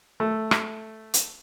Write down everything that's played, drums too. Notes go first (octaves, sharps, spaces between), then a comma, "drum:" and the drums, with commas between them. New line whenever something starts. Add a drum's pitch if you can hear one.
A3
drum: rim click
drum: hi-hat